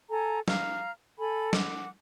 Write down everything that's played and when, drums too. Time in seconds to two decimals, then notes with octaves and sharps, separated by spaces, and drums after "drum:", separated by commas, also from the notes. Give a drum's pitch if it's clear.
0.09 A4 G#5 A#5
0.48 F5 A#5 F6, drum: snare
1.18 A4 G#5 B5
1.53 F#5 D6, drum: snare